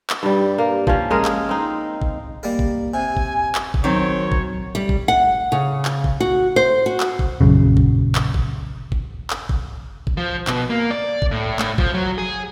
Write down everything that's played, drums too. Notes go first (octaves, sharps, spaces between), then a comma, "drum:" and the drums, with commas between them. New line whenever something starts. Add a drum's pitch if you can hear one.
drum: clap
G2 G3
A#3
F3 C#4, drum: kick
G#3 C#4 G#4 A#4
drum: clap
C4 D#4
drum: kick
G3 A#3 A#4
drum: kick
C3 G#5
drum: kick
drum: clap
drum: kick
D#3 F#3 C4 C#5
drum: kick
G3
drum: kick
F#5
C#3
drum: clap
drum: kick
F#4
C5
F#4
drum: clap
drum: kick
A#1 F#2 C#3
drum: kick
drum: clap
drum: kick
drum: kick
drum: clap
drum: kick
drum: kick
F3
B2, drum: clap
A#3
D5
drum: kick
A2
A2, drum: clap
F3, drum: kick
F#3
G#4